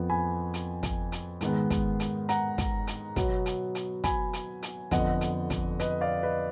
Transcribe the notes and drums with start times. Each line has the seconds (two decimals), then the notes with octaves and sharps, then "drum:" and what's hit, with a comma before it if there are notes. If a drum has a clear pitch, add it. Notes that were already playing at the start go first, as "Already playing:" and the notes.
Already playing: F2 F3 B3
0.10 G#5 B5
0.54 drum: hi-hat
0.83 drum: kick, hi-hat
1.12 drum: hi-hat
1.41 G#2 D#3 G#3 B3, drum: hi-hat
1.70 drum: kick, hi-hat
2.00 drum: hi-hat
2.29 F#5 A#5, drum: hi-hat
2.58 drum: kick, hi-hat
2.87 drum: hi-hat
3.16 B2 F#3 B3, drum: kick, hi-hat
3.46 drum: hi-hat
3.75 drum: hi-hat
4.04 G#5 B5, drum: kick, hi-hat
4.33 drum: hi-hat
4.63 drum: hi-hat
4.91 F2 D3 F3 B3 D#5 F#5, drum: kick, hi-hat
5.21 drum: hi-hat
5.50 drum: kick, hi-hat
5.80 B4 D#5, drum: hi-hat
6.01 D5 F5
6.23 B4 D#5